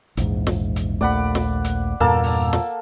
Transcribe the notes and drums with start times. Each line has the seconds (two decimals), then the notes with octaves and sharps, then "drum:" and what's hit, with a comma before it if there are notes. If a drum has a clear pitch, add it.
0.17 A#1 E2 G#2, drum: hi-hat
0.47 drum: snare
0.76 drum: hi-hat
1.01 A#1 D#2 A3 D5 F#5 B5
1.35 drum: snare
1.64 drum: hi-hat
2.00 E2 G2 A#2 A#3 A4 A5
2.23 drum: open hi-hat
2.53 drum: snare